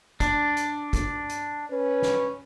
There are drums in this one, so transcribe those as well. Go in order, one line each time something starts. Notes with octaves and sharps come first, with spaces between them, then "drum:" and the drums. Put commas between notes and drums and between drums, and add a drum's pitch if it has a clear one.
D4, drum: kick, hi-hat
drum: hi-hat
drum: kick, hi-hat
drum: hi-hat
C#4 B4
drum: snare